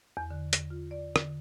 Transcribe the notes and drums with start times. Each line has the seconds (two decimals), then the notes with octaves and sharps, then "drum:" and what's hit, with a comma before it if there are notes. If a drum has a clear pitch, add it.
0.17 E2
0.30 D3
0.53 drum: hi-hat
0.70 F4
0.91 D5
1.16 D3, drum: rim click